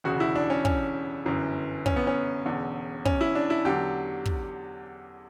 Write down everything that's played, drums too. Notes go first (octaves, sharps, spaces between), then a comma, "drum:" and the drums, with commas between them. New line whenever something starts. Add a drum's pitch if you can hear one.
E1 D2 C#3 F#4
E4
D4
C#4
C#4, drum: kick
G1 F#2 E3
C#4, drum: kick
B3
C#4
E1 E2 D3
C#4, drum: kick
E4
D4
E4
E2 D3 F#3 G4
drum: kick